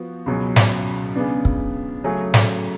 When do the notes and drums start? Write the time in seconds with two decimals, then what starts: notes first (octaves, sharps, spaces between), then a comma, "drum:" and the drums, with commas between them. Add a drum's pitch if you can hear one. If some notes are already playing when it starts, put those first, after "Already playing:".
Already playing: F3 B3 F#4
0.26 C#2 B2 F#3 C#4
0.56 drum: snare
1.16 C#3 G#3 B3 D4
1.45 drum: kick
2.04 C#3 F#3 A3 C#4 G#4
2.34 drum: snare